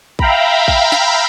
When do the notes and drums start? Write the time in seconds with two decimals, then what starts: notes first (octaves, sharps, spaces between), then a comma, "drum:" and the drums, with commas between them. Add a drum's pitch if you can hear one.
0.19 E5 F5 G5 A#5 B5, drum: kick A1
0.68 drum: kick A1
0.92 drum: snare